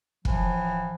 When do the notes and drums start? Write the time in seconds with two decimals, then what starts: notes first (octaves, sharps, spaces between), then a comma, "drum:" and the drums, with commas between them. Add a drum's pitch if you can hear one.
0.25 A2 E3 F3, drum: kick F1